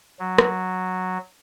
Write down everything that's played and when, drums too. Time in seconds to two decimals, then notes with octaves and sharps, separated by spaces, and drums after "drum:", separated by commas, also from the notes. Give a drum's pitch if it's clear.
0.20 F#3
0.38 drum: rim click